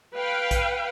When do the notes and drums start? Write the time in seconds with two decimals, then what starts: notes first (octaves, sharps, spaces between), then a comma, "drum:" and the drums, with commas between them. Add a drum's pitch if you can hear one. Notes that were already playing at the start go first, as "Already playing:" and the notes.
0.15 B4 F5 G5
0.51 drum: kick A#1, hi-hat